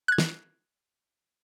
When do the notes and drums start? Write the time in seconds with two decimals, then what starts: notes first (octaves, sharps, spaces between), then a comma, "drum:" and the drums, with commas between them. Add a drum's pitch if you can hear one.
0.08 F#6 G#6
0.18 drum: snare